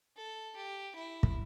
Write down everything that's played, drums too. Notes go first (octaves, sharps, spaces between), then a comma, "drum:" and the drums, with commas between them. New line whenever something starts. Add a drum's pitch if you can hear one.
A4
G4
E4
drum: kick